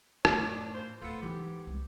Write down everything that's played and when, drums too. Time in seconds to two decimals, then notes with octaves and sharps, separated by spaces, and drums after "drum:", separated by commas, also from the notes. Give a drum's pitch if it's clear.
0.25 F#2 A2 D4 C#5, drum: rim click
0.74 E3 F4 C5
1.02 D1 B3 D#4 F4 A4
1.23 G#2 E3 F#3 B3 G4
1.67 C2 G#3